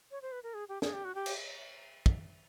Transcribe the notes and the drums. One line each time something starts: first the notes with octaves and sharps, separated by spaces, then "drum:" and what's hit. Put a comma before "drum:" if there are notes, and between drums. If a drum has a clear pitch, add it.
C#5
C5
B4
A#4
G#4
G4
G#4, drum: snare
G4
F#4
G4
drum: cymbal
drum: kick